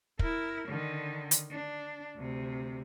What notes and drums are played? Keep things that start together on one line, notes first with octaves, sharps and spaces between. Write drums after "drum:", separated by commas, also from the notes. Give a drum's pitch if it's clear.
E4 A#4, drum: kick
D3 D#3
drum: hi-hat
D4
D2 C3